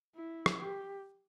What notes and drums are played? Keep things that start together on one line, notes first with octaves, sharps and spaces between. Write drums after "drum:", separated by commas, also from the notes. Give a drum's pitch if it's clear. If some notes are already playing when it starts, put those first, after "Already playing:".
E4
drum: rim click
G4